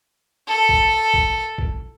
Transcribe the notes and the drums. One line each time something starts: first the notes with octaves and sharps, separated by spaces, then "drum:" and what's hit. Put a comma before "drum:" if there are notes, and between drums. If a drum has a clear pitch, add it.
A4
drum: kick
drum: kick
drum: kick